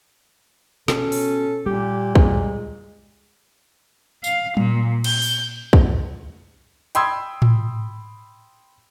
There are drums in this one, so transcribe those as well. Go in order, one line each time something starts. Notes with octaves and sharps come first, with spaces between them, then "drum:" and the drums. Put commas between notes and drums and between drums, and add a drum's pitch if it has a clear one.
B2 C#4 A4, drum: snare
drum: open hi-hat
A#2 G3 G4
G#3, drum: kick
F5, drum: tambourine
A#2, drum: tom F#3
G6, drum: cymbal
drum: open hi-hat
drum: kick
G5 B5 C6 D#6 E6 G#6, drum: hi-hat
drum: tom A2